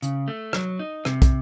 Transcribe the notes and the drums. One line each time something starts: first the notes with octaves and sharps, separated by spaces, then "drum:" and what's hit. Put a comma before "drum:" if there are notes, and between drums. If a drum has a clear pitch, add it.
C#3, drum: hi-hat
A3
F#3, drum: rim click
D#4
C3, drum: rim click
drum: kick, hi-hat